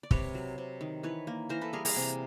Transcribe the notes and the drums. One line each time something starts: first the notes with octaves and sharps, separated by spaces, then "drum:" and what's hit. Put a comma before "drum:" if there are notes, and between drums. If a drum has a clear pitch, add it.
D5
C3 B4 C#5, drum: kick
F#3
C3
D#3
E3 B4 C#5
A#3
E3 A#4 C5
A4 B4
G3 G#4 A#4
G#4 A#4, drum: open hi-hat
C3